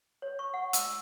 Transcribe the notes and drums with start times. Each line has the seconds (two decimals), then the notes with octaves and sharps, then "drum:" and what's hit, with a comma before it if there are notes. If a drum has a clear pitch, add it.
0.22 C#5
0.39 C#6
0.54 F#5
0.73 E6, drum: hi-hat